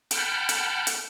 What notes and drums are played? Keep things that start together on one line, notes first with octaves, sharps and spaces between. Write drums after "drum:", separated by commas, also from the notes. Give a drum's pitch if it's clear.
F#5 G5 A5 B5 F6 G6, drum: hi-hat
drum: hi-hat
drum: hi-hat